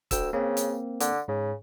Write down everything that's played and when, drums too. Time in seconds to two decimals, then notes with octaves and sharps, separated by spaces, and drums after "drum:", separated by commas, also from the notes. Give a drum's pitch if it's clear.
0.11 D2 G5 E6, drum: kick, hi-hat
0.33 C#3 A#3 C4
0.57 drum: hi-hat
1.00 D3, drum: hi-hat
1.28 G#2 C#3